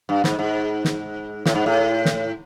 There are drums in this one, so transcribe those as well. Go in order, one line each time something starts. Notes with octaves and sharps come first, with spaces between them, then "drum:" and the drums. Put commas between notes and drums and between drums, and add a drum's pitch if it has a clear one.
G2
G#2, drum: snare
G#2
drum: snare
A2, drum: snare
G#2
A2
drum: snare